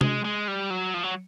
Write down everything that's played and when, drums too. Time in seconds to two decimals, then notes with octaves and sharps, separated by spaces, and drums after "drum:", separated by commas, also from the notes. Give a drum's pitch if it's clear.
0.01 G#3, drum: tom C3
0.24 G#3
0.48 G3
0.70 F#3
0.94 F3
1.03 F#3